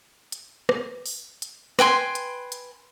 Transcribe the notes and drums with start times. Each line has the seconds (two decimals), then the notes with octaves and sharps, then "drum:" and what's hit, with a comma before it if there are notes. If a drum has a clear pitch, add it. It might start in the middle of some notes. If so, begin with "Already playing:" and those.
0.32 drum: hi-hat
0.69 drum: rim click
1.06 drum: open hi-hat
1.42 drum: hi-hat
1.79 B4 G5 G#5 C6, drum: rim click
2.15 drum: hi-hat
2.52 drum: hi-hat